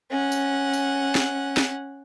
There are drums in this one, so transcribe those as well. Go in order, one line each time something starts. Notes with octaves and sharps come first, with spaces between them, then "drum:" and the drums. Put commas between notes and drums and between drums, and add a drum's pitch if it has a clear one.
C#4 F#5
drum: tambourine
drum: tambourine
drum: snare C4
drum: snare C4